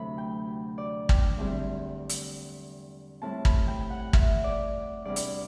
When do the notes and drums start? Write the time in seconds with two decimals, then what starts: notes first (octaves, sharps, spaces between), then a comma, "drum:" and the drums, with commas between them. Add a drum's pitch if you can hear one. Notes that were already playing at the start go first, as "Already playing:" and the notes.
Already playing: D2 C3 F#3 A3 B5
0.18 G5
0.78 D5
1.09 G5, drum: kick
1.38 E2 D3 G3 C4 E4
2.09 drum: hi-hat
3.22 A2 G3 C4 E4 A5
3.45 B5, drum: kick
3.68 G5
3.90 F#5
4.13 E5, drum: kick
4.44 D5
5.05 E2 C3 G3 D4 D5
5.16 drum: hi-hat